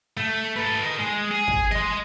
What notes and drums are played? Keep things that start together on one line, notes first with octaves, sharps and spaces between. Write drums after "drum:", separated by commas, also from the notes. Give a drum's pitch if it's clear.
A3
A4 B4
A#4 D#5
G#3
G#4
drum: kick
D#5 C6, drum: snare